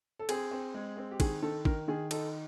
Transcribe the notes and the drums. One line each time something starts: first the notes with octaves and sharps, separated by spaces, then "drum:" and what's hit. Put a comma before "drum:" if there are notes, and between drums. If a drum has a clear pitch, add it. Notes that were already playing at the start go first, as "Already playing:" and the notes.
A4
C4 G#4, drum: cymbal
C4
G#3
C4
G4
D#3 G#4, drum: kick, cymbal
D#3 A4
D#3 A#4, drum: kick
D#3 G#4
D#4 A4, drum: cymbal